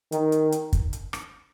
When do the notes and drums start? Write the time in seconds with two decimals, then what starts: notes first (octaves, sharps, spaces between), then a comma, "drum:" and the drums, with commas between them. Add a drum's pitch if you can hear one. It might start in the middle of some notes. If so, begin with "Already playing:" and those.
0.12 D#3, drum: hi-hat
0.32 drum: hi-hat
0.52 drum: hi-hat
0.73 drum: kick, hi-hat
0.93 drum: hi-hat
1.13 drum: rim click